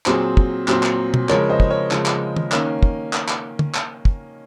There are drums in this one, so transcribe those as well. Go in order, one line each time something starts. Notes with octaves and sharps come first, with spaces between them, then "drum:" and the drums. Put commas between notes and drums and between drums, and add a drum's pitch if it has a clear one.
A#2 F#3 C4 G#4 C5, drum: clap
drum: kick
A#2 F#3 C4, drum: clap
drum: clap
drum: tom B2
C#3 F3 G#3 A#4 C#5, drum: clap
C5 D#5
drum: kick
A#4 C#5
C#3 F3 G#3, drum: clap
drum: clap
drum: tom
D#3 A#3 C#4, drum: clap
drum: kick
drum: clap
drum: clap
drum: tom
drum: clap
drum: kick